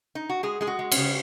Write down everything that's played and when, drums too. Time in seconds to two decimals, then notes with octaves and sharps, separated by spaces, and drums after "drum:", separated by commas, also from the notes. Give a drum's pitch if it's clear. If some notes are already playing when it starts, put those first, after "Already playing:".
0.15 D#4
0.29 F#4
0.43 G#3 G#4
0.61 G#3 G#4
0.67 F#4
0.79 G#3
0.92 C#4, drum: cymbal
0.97 C#3